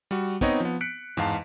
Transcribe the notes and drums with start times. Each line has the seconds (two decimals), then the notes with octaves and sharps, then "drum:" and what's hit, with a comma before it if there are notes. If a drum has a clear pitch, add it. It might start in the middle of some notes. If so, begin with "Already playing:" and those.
0.11 G3 F#4
0.41 B3 C4 D#4 C#5 D#5, drum: kick
0.60 F3 B3
0.81 F#6 B6 C#7 D7
1.17 E2 G#2 F5 A5, drum: tom